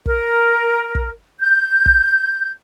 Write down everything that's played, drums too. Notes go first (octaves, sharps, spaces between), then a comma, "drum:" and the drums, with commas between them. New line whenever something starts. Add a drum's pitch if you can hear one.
A#4, drum: kick
drum: kick
G6
drum: kick